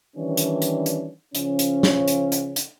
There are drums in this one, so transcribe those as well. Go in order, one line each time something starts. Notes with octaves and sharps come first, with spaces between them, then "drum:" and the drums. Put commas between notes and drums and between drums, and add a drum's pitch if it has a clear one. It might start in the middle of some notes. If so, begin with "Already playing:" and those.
D#3 E3 G3 C#4 D4
drum: hi-hat
drum: hi-hat
drum: hi-hat
C#3 F3 C#4, drum: hi-hat
drum: hi-hat
drum: snare
drum: hi-hat
drum: hi-hat
drum: hi-hat